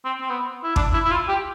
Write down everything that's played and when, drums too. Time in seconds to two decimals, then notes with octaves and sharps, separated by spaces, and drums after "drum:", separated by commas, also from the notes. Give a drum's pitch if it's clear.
0.05 C4
0.21 C4
0.29 B3
0.63 E4
0.76 D4, drum: kick
0.93 E4
1.05 E4
1.11 F4
1.28 G4